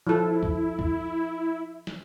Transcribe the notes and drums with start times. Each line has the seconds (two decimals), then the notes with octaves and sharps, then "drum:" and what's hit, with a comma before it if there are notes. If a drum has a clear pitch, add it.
0.07 F3 E4 A4
0.43 drum: kick
0.79 drum: kick
1.87 drum: snare